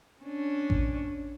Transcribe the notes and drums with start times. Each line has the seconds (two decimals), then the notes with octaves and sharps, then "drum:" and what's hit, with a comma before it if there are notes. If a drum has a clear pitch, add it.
0.23 C#4 D4
0.70 drum: kick A1